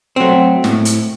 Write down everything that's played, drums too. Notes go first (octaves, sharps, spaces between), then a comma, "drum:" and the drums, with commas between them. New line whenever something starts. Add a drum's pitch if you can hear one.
F#3 A3 C4
A2, drum: snare
drum: hi-hat